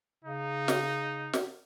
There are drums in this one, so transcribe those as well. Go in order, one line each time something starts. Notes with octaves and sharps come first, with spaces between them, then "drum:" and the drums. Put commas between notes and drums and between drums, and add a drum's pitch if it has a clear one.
C#3 D#4
drum: snare
drum: snare